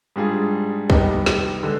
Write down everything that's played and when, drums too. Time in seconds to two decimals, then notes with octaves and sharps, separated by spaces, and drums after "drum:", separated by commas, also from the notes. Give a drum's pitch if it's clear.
0.16 G#2 G3 D4 F4 G#4
0.90 C3 D#3 G3 B3 D#4, drum: kick C2
1.26 drum: snare
1.63 D3 G#3